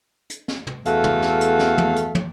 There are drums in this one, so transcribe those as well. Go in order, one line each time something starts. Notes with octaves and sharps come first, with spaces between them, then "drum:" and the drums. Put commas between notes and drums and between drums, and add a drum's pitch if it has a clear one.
drum: hi-hat
drum: snare
drum: tom
E2 A3 F#4 A4 F5, drum: hi-hat
drum: tom
drum: snare
drum: hi-hat
drum: snare
drum: tom
drum: hi-hat
drum: tom